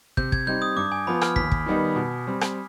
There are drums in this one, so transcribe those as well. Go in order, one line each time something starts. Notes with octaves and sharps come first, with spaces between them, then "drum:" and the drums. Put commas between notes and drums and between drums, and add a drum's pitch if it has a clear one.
C3 G6, drum: kick
G#6, drum: kick
G3 C4 D#4 G4 G6
D#6
G2 D6
G#5
F3 B3 F4 B5
F6, drum: rim click
D#2 B6, drum: kick
drum: kick
D#3 G3 B3 D#4
B2
G3 C4
drum: rim click